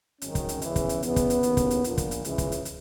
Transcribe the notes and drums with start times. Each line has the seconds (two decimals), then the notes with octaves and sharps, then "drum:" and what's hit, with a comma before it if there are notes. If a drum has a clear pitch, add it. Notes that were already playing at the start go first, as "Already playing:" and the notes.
0.22 G#1 F#2 D#3 C#4, drum: hi-hat
0.35 drum: kick, hi-hat
0.49 drum: hi-hat
0.62 E2 C#3 E3, drum: hi-hat
0.76 drum: kick, hi-hat
0.89 drum: hi-hat
1.03 E2 C#3 E3 B3, drum: hi-hat
1.16 drum: kick, hi-hat
1.30 drum: hi-hat
1.43 D#2 C#3 E3, drum: hi-hat
1.57 drum: kick, hi-hat
1.70 drum: hi-hat
1.84 A#1 A#2, drum: hi-hat
1.98 drum: kick, hi-hat
2.11 drum: hi-hat
2.25 C#2 C#3 E3 G#3, drum: hi-hat
2.38 drum: kick, hi-hat
2.52 drum: hi-hat
2.65 drum: hi-hat